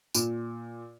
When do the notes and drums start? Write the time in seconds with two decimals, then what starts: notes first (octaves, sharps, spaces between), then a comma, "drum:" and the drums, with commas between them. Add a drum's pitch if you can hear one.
0.15 A#2, drum: tambourine